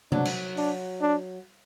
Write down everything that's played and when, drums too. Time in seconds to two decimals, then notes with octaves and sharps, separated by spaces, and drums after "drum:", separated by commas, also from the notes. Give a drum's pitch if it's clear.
0.12 F#3 D4, drum: tom C3
0.25 drum: cymbal
0.57 D4, drum: open hi-hat
1.01 D4